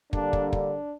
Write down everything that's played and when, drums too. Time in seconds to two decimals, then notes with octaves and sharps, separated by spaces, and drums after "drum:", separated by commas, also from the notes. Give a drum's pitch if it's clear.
0.13 D3 G3 A#3 D4, drum: kick
0.33 drum: kick
0.53 D4, drum: kick